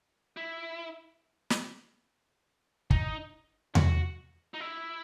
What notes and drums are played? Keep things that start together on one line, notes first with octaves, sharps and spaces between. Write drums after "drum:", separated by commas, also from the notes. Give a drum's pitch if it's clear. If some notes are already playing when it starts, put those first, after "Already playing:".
E4
drum: snare
D#4, drum: kick
F#4, drum: tom E2
D#4
E4